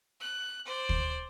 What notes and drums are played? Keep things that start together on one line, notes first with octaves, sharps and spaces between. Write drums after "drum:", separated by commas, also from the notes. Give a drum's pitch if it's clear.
F#6
C5 D5
drum: kick